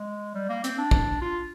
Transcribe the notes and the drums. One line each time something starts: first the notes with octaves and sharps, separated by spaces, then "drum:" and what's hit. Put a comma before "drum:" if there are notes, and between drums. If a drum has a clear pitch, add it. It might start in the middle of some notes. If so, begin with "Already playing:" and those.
Already playing: G#3
G3
A#3
C4, drum: hi-hat
D4
drum: kick
F4